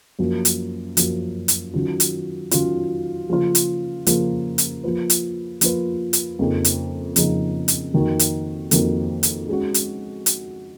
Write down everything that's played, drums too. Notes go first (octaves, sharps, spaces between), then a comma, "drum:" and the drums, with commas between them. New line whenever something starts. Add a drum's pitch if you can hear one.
F#2 F3 A#3
drum: hi-hat
F#2 F3 A#3, drum: hi-hat
drum: hi-hat
D#3 F#3 C#4 F4
drum: hi-hat
D#3 F#3 C#4 F4, drum: hi-hat
C#3 F3 A#3 F4
drum: hi-hat
C#3 F3 A#3 F4, drum: hi-hat
drum: hi-hat
F3 A#3 F4 B4
drum: hi-hat
F3 A#3 F4 B4, drum: hi-hat
drum: hi-hat
F2 C#3 F3 A#3 D#4
drum: hi-hat
F2 C#3 F3 A#3 D#4, drum: hi-hat
drum: hi-hat
F2 D#3 A#3 D#4 F#4
drum: hi-hat
F2 D#3 A#3 D#4 F#4, drum: hi-hat
drum: hi-hat
G#3 C#4 F#4
drum: hi-hat
drum: hi-hat